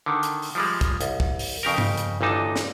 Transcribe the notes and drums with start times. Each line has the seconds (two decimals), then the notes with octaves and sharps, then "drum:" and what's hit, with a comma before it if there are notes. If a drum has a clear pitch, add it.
0.06 D3 D#3
0.23 drum: hi-hat
0.42 drum: open hi-hat
0.55 F3 G3 G#3
0.81 drum: kick, hi-hat
1.01 C2, drum: hi-hat
1.20 drum: kick
1.39 drum: open hi-hat
1.63 F2 C#3 G4 A#4
1.78 drum: tom G2
1.97 drum: hi-hat
2.21 A1 A#2 D3 D#4 A5
2.56 drum: snare